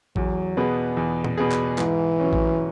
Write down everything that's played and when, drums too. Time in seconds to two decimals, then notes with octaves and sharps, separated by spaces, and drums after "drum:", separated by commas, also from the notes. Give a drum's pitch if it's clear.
0.16 E2 F#3, drum: kick A#1
0.57 B2 B3 G#4
0.97 E2
1.24 drum: tom A#2
1.38 B2 B3 G#4
1.52 drum: clap
1.78 G#2 E3, drum: clap
2.20 F#3 C#4
2.33 drum: kick A#1